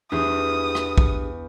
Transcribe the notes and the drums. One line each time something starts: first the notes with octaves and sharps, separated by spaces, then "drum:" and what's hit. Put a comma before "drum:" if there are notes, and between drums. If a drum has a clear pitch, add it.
E2 D4 G4 G#4 D#6
drum: rim click
drum: kick